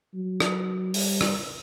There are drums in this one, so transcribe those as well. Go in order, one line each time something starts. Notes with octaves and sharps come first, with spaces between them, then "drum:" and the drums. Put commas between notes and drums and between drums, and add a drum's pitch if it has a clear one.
F#3
drum: rim click
G3, drum: open hi-hat
drum: rim click